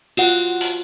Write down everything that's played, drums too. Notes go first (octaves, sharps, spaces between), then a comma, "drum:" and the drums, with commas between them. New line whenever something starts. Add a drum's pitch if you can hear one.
F4 F#4 F#5, drum: cymbal
drum: open hi-hat